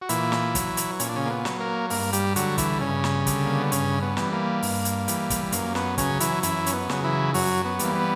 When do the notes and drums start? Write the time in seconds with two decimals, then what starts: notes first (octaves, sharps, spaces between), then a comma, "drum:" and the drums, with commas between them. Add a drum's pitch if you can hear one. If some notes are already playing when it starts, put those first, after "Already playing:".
0.01 F#4
0.09 A#2 E3 E4, drum: hi-hat
0.32 drum: snare
0.55 F#3, drum: kick, hi-hat
0.77 drum: hi-hat
1.00 A#2 C#4, drum: hi-hat
1.09 D4
1.16 C#3 C#4
1.26 A#3
1.30 B3
1.45 F#3, drum: snare
1.60 A#3 A#4
1.90 G2 A#3 A#4, drum: open hi-hat
2.13 G3 G4, drum: hi-hat
2.36 D3 F#3 G3 F#4, drum: hi-hat
2.58 E3 E4, drum: kick, hi-hat
2.80 G2 C#3 C#4
3.04 drum: snare
3.27 D3 G3, drum: kick, hi-hat
3.46 A#3
3.59 B3
3.72 G2 C#3 C#4, drum: hi-hat
4.02 B3
4.17 E3 G3, drum: snare
4.32 A#3
4.63 G2, drum: open hi-hat
4.85 drum: hi-hat
5.08 E3 G3, drum: hi-hat
5.30 drum: kick, hi-hat
5.52 F#2 A#3, drum: hi-hat
5.75 B3, drum: snare
5.98 C#3 F#3 C#4, drum: kick, hi-hat
6.20 E3 E4, drum: hi-hat
6.43 F#2 E3 E4, drum: hi-hat
6.66 C#4, drum: hi-hat
6.73 B3
6.89 C#3 F#3, drum: snare
7.04 E3 E4
7.34 F#2 F#3 F#4, drum: open hi-hat
7.65 B3
7.79 E3 G3 A#3, drum: hi-hat
7.95 B3